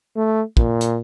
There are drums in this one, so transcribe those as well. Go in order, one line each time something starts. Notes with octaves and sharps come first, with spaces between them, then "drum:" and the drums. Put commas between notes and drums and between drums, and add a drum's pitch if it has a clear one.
A3
A#2, drum: kick
drum: hi-hat